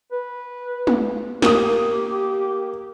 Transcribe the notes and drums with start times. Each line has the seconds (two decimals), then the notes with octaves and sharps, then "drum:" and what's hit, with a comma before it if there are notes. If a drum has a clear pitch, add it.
0.12 B4
0.87 drum: tom
1.42 A#3 G4 D#6, drum: snare